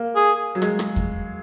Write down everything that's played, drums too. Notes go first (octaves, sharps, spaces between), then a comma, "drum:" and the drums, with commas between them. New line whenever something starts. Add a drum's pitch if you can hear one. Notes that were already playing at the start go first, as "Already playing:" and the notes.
Already playing: A#3
G#4
F#3
G#3, drum: rim click
drum: rim click
drum: kick E2